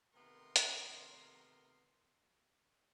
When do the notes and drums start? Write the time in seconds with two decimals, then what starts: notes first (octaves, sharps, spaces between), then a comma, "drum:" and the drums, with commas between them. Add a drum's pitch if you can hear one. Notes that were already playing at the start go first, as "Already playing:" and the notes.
0.14 C3 D#3 A3 B3 A#4 C6
0.56 drum: hi-hat